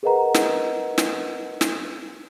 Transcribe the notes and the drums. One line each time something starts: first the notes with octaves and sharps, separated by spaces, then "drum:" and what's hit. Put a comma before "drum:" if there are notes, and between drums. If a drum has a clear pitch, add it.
G#4 A#4 B4 D#5 F#5 A#5
drum: snare
drum: snare
drum: snare